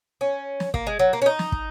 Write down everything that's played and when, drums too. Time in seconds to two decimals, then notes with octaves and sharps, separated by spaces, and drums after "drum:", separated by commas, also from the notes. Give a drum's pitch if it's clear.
0.21 C#4
0.60 drum: snare
0.74 A#3, drum: kick
0.87 G#3
0.99 F#3
1.13 A#3
1.22 C#4
1.26 D#4
1.39 drum: snare
1.52 drum: kick